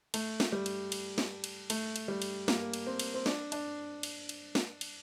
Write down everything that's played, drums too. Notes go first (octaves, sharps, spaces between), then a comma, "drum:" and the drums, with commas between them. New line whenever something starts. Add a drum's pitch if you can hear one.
A3, drum: cymbal
drum: snare
G3
drum: cymbal
drum: cymbal
drum: snare
drum: cymbal
A3, drum: cymbal
drum: cymbal
G3
drum: cymbal
A#3, drum: snare
drum: cymbal
C4
drum: cymbal
C4
D4, drum: snare
D4, drum: cymbal
drum: cymbal
drum: cymbal
drum: snare
drum: cymbal